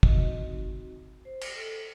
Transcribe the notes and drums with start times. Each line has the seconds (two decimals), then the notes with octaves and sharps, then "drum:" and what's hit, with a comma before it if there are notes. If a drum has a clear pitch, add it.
0.03 C4 D#4 F#4 D#5, drum: kick
1.25 C5
1.41 drum: cymbal
1.56 A4